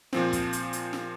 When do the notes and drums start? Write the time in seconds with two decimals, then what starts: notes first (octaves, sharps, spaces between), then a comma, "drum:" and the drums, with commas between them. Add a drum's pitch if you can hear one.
0.13 A#2 F3 C4, drum: snare
0.33 drum: kick, hi-hat
0.53 drum: hi-hat
0.73 drum: hi-hat
0.93 drum: snare